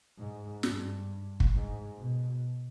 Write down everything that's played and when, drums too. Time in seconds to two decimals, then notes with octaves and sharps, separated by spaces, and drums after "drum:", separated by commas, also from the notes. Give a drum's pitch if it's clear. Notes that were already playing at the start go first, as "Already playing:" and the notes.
0.18 G#2
0.63 G2, drum: snare
1.40 drum: kick
1.53 G#2
1.98 B2